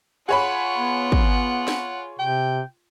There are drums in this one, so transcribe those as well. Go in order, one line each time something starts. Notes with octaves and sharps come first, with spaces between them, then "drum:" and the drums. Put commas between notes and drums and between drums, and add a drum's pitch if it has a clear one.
F4 G#4 C#5 F#5 B5
B3
drum: kick
drum: snare
C3 G5